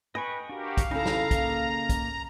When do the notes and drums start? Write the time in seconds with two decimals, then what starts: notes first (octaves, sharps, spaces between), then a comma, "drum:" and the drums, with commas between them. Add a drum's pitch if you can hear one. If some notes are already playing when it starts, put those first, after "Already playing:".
0.15 B4 D#5 G5 G#5 C#6
0.49 D4 F#4 G4 A#4 F5
0.77 drum: kick, hi-hat
0.91 C#3 D#4 E4 A4 A#5
1.05 drum: snare
1.31 A#3 D#5, drum: kick, hi-hat
1.89 drum: kick, hi-hat